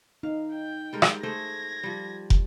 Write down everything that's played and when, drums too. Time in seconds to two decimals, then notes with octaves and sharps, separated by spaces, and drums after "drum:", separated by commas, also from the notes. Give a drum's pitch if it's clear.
0.23 D#4 F5
0.54 G5
0.93 G3 G#3 A#4
1.02 drum: rim click
1.23 A3 G#4 C5 G#6 A#6
1.83 F3 G3
2.30 drum: kick